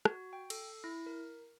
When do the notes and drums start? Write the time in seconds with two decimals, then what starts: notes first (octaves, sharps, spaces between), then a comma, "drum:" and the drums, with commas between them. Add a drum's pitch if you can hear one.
0.05 F#4, drum: rim click
0.33 G5
0.50 A4, drum: cymbal
0.84 E4
1.06 A#4